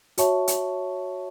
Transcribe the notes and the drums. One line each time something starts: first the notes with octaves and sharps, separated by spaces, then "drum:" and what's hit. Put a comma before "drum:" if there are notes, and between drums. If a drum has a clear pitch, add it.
F#4 C#5 E5 A5 C#6, drum: hi-hat
drum: hi-hat